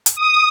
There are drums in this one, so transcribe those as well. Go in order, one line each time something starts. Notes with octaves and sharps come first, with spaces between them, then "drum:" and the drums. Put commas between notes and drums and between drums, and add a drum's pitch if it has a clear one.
drum: hi-hat
D#6